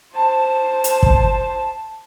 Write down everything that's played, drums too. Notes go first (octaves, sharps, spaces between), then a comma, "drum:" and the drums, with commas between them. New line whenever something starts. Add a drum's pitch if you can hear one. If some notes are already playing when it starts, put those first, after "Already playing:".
C5 A5
drum: hi-hat
drum: kick